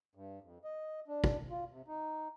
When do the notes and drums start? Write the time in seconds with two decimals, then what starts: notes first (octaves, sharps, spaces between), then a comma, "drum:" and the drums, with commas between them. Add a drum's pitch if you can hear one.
0.15 G2
0.42 F2
0.64 D#5
1.08 D4
1.24 drum: kick
1.50 F4
1.71 C3
1.88 D#4